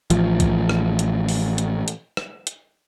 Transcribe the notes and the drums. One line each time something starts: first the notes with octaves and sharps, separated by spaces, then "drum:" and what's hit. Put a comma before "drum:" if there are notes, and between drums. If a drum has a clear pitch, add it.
A1 F3, drum: hi-hat
drum: kick B1, hi-hat
drum: rim click
drum: hi-hat
drum: open hi-hat
drum: hi-hat
drum: hi-hat
drum: rim click
drum: hi-hat